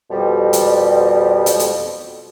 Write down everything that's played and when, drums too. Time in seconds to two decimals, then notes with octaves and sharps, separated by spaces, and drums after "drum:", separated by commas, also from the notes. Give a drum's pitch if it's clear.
0.11 F2 B2 G3
0.53 drum: hi-hat
1.46 drum: hi-hat
1.59 drum: hi-hat